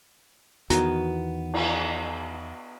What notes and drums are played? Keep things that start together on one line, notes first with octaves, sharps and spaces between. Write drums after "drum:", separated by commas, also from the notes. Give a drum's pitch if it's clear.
E2 D#3 E3 B3 F#4 A#5, drum: hi-hat
drum: cymbal